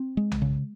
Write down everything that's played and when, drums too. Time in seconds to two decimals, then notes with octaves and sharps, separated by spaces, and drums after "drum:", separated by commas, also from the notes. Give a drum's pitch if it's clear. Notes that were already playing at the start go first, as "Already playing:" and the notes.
Already playing: C4
0.17 G#3
0.32 drum: tom B1
0.42 C#3